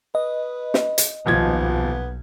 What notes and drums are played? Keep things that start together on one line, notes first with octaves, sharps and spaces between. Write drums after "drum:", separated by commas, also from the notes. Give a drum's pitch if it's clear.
B4 D#5
drum: snare
drum: hi-hat
D#1 B1 F3 B3 G#6